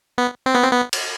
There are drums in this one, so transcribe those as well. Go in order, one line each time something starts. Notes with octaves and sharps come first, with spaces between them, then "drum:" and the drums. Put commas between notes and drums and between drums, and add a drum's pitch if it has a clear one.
B3
C4
B3
C4
B3
drum: cymbal